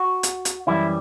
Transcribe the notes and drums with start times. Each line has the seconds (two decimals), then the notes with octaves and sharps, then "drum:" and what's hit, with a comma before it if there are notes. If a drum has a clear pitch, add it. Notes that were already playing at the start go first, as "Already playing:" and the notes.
Already playing: F#4
0.23 drum: hi-hat
0.45 drum: hi-hat
0.67 F#2 E3 G3 E4